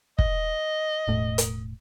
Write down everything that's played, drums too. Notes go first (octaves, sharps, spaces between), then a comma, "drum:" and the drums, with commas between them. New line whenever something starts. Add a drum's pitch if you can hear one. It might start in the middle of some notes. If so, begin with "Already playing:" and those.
D#5, drum: kick
E1 A2
drum: hi-hat